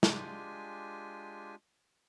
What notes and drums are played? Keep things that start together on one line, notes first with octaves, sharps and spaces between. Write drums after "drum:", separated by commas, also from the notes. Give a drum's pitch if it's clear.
G#3 D4 F4 G4 G#5, drum: snare